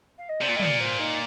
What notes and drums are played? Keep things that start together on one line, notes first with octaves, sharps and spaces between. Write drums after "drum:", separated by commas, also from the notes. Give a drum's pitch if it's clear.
F5
D#5
C3 D5
A#2
A2 D#5
A#2 D5, drum: tom
C5
D#4